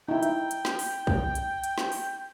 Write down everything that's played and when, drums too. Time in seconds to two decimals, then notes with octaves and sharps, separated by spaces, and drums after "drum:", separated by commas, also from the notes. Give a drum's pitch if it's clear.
0.08 D#4 E4 G5
0.23 drum: hi-hat
0.51 drum: hi-hat
0.65 drum: snare
0.79 drum: open hi-hat
1.07 drum: kick
1.35 drum: hi-hat
1.64 drum: hi-hat
1.78 drum: snare
1.92 drum: open hi-hat